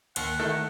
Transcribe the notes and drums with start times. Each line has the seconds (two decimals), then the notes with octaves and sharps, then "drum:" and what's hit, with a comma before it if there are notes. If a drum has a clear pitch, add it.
0.16 D#2 F#5, drum: cymbal
0.39 D#3 A3 E4 A4